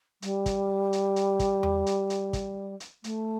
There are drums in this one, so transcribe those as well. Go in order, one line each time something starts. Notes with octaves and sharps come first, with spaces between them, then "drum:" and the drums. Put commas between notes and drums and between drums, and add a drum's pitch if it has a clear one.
G3, drum: hi-hat
drum: kick, hi-hat
drum: hi-hat
drum: hi-hat
drum: kick, hi-hat
drum: tom E2
drum: hi-hat
drum: hi-hat
drum: kick, hi-hat
drum: hi-hat
A3, drum: hi-hat